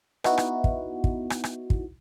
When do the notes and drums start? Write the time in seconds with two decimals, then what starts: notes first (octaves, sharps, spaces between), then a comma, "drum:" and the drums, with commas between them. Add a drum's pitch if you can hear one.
0.24 B3 D#4 E4 F#4, drum: rim click
0.38 drum: rim click
0.64 drum: kick
1.04 drum: kick
1.30 drum: rim click
1.44 drum: rim click
1.70 drum: kick